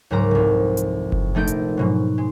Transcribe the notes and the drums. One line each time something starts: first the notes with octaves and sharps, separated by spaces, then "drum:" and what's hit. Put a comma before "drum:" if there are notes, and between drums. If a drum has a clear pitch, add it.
C#2 G#2 F#3 A#4 A#5 D6
F1 C2
drum: hi-hat
drum: kick F#1
A#1 A3 D#4 G6 D7
drum: hi-hat
G#2 B2 F#3
G#3